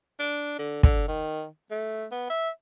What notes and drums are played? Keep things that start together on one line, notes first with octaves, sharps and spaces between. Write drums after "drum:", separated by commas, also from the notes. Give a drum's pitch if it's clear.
D4
D3
D3, drum: kick
D#3
A3
B3
E5